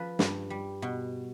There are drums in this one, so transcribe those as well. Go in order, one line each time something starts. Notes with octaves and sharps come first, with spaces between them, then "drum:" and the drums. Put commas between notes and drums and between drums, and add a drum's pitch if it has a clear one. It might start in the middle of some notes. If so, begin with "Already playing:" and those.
Already playing: F3 B4
G2, drum: snare
G3
B2